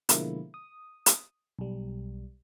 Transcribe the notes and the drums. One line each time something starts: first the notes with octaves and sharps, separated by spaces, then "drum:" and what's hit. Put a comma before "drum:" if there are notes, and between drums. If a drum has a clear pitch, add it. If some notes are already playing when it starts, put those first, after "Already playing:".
B2 D3 F3 G#3 A#3 E4, drum: hi-hat
D#6
drum: hi-hat
B1 G3